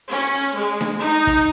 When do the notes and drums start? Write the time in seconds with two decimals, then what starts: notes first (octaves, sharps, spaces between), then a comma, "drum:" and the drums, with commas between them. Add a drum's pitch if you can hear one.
0.11 C#4, drum: open hi-hat
0.34 drum: hi-hat
0.56 G#3
0.81 drum: snare D4
1.00 D#4
1.27 drum: kick, hi-hat